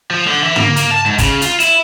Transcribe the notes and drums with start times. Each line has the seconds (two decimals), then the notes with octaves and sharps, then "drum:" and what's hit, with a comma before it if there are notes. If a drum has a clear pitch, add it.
0.11 F3
0.27 D3
0.44 E3
0.56 A#3, drum: tom
0.76 A#3, drum: hi-hat
0.91 A5
1.06 G#2
1.18 C#3, drum: kick, hi-hat
1.41 F4, drum: hi-hat
1.60 E4, drum: hi-hat